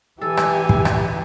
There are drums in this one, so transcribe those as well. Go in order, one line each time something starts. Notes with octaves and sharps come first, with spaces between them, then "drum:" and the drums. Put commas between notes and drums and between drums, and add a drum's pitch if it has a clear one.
E3 G4 A4 G#5
drum: rim click
drum: kick
drum: rim click